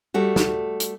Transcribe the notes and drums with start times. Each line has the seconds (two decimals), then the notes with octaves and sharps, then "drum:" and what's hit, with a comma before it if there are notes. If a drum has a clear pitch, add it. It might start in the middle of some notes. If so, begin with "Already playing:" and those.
0.14 G3 A3 F#4
0.36 drum: snare
0.80 drum: hi-hat